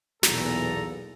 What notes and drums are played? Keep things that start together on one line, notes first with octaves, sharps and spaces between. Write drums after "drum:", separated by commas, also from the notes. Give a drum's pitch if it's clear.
B1 E2 A#2 A4 A#5, drum: snare